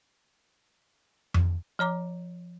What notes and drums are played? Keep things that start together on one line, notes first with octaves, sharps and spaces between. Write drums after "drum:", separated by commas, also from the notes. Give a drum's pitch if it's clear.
drum: tom F2
F3 C#5 A#5 D6